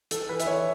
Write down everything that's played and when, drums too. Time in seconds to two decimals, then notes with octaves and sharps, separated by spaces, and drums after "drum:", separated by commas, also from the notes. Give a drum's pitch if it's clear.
0.11 E3 A4, drum: hi-hat
0.29 E3 B4
0.40 E5, drum: hi-hat
0.47 E3 C#5